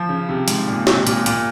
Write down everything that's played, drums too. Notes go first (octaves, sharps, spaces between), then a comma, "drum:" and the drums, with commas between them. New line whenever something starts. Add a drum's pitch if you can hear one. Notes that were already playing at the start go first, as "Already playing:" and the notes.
Already playing: F3
C#3
C3
G#2, drum: hi-hat
A#2
C3, drum: snare
A#2, drum: hi-hat
A#2, drum: hi-hat